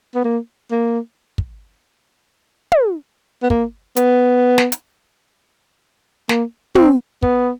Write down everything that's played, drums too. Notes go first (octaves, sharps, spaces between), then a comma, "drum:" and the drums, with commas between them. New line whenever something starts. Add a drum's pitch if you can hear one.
B3
A#3
A#3
drum: kick
drum: tom
B3
A#3, drum: kick
B3, drum: hi-hat
drum: snare
drum: hi-hat
A#3, drum: snare
C4, drum: tom
B3, drum: kick